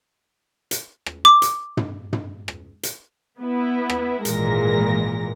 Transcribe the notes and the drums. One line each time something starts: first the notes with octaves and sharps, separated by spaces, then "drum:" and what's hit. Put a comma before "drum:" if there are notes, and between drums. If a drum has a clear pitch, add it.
drum: hi-hat
drum: rim click
D6
drum: hi-hat
drum: tom
drum: tom
drum: rim click
drum: hi-hat
B3 E4
drum: rim click
G#1 A#2 E3 G#3 A#4 A#6, drum: hi-hat